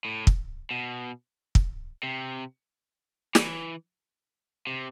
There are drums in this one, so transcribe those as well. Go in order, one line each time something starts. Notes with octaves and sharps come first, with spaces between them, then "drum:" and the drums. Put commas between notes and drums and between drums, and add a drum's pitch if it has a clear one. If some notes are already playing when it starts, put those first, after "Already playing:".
A2
drum: kick
B2
drum: kick
C3
E3, drum: snare
C3